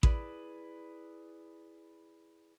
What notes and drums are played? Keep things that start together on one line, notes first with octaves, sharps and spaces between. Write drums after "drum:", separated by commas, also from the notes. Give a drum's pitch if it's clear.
E4 G#4 B4 D5, drum: kick A1